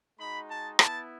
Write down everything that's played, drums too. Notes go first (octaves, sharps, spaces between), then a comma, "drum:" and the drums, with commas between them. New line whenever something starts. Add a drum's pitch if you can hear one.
G#3 D#4 F#4 B5
A5
B3 E4 A5, drum: rim click